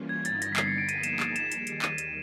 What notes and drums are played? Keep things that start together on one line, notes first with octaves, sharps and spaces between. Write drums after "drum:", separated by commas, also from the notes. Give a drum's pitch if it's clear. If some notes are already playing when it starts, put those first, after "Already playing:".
Already playing: E3 G3 A#3 C#4 F4
G#6
G2 D3 G3 B3 D#4 A6, drum: hi-hat
A#6, drum: hi-hat
B6
C7, drum: clap
C#7
D7
F3 A#3 D#4 G#4 D#7, drum: hi-hat
E7, drum: hi-hat
drum: clap
E7, drum: hi-hat
D#2 D#3 G3, drum: hi-hat
drum: hi-hat
D#7, drum: clap
drum: hi-hat